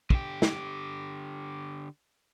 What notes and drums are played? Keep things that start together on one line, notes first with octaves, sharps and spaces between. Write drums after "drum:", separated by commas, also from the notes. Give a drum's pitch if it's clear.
D3 G4, drum: kick
drum: snare